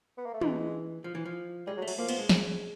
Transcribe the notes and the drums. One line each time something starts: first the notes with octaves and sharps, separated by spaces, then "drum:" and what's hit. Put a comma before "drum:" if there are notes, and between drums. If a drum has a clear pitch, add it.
B3
A#3
A3
E3 G#3, drum: tom
F3
E3
F3
G3 G#3
F#3
A3
F#3, drum: cymbal
F3 A#3
B3, drum: cymbal
G#3
G#3, drum: snare